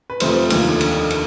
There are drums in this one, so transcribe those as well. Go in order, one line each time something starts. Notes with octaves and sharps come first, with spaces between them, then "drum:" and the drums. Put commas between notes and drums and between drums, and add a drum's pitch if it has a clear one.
B4
F2 C3 F3 A3 C5, drum: cymbal
D#2 D3 F3, drum: cymbal
drum: cymbal
drum: cymbal